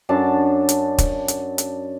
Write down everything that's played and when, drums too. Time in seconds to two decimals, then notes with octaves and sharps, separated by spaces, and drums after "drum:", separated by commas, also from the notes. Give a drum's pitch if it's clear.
0.09 F#2 D4 A5
0.69 drum: hi-hat
0.98 drum: kick, hi-hat
1.28 drum: hi-hat
1.58 drum: hi-hat